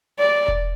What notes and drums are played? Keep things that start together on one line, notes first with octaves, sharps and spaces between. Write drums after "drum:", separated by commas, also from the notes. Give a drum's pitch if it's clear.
D5
drum: kick E1